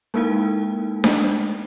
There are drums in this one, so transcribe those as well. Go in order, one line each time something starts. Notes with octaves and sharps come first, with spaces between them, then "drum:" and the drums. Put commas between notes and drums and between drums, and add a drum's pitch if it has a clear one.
G#3 A#3 D#4 E4 A#4 G5
drum: snare D4